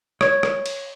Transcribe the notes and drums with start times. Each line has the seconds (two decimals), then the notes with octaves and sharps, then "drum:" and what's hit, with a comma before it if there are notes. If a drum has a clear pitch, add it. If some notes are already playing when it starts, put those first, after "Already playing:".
0.21 C#5, drum: rim click
0.43 drum: rim click
0.66 drum: cymbal